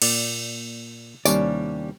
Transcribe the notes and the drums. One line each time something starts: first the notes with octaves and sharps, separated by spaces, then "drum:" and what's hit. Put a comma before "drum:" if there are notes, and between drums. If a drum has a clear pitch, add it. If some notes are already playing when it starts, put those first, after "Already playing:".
A#2 D5, drum: cymbal
D#2 C3 G3 A#3 C#4 D4 D5, drum: tambourine